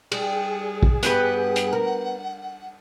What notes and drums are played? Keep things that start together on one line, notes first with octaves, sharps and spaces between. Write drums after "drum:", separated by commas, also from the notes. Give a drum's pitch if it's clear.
G3 G#4, drum: cymbal
drum: kick
G2 B3 G4 B4 F#5, drum: hi-hat
drum: hi-hat
A#4